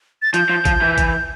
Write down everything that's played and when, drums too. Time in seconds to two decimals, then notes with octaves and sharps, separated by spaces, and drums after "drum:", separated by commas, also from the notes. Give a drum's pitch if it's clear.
0.22 A6
0.34 F3 G6, drum: hi-hat
0.49 F3
0.65 F3, drum: kick, hi-hat
0.81 E3
0.98 drum: kick, hi-hat